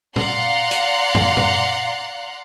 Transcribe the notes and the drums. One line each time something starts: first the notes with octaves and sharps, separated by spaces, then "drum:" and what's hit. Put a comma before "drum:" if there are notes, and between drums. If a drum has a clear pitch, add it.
D5 F5 F#5 A#5 C6 F#6, drum: tom A#2
drum: hi-hat
drum: tom
drum: tom A#2